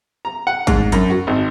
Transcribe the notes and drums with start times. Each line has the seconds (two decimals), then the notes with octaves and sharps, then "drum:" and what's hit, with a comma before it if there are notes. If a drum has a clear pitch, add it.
0.25 A#5
0.47 F#5
0.67 G#2, drum: kick G#1, hi-hat
0.92 F#2, drum: hi-hat
1.10 F#4
1.27 G#1